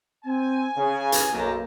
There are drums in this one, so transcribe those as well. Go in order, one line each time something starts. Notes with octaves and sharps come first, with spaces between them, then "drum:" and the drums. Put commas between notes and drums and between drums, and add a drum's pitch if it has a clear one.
C4 G#5
C#3 F5
drum: hi-hat
B1 F#2 A#3 G4 A5 A#5